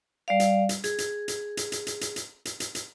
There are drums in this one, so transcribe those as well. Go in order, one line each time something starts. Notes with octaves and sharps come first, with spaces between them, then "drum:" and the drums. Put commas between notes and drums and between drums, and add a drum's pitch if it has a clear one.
G3 D5 F5
drum: hi-hat
drum: hi-hat
G#4, drum: hi-hat
drum: hi-hat
drum: hi-hat
drum: hi-hat
drum: hi-hat
drum: hi-hat
drum: hi-hat
drum: hi-hat
drum: hi-hat
drum: hi-hat
drum: hi-hat